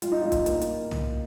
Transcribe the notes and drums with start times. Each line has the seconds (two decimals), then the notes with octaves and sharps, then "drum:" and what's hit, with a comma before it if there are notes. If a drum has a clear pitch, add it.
0.02 G3 F4, drum: hi-hat
0.12 D#4
0.22 G3 F4
0.32 drum: kick, hi-hat
0.46 A#3, drum: hi-hat
0.61 drum: hi-hat
0.91 drum: tom